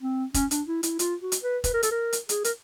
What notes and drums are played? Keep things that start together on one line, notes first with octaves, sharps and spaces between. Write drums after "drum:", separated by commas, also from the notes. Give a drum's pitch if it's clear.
C4
C#4, drum: kick, hi-hat
D4, drum: hi-hat
E4
E4, drum: hi-hat
F4, drum: hi-hat
F#4
drum: hi-hat
B4
B4, drum: kick, hi-hat
A#4
A4, drum: hi-hat
A#4
drum: hi-hat
G#4, drum: hi-hat
A#4, drum: hi-hat